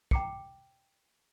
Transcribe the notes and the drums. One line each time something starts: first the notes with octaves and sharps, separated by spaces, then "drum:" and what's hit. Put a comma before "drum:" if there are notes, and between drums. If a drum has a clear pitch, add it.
G5 A#5 D6 C7 C#7, drum: kick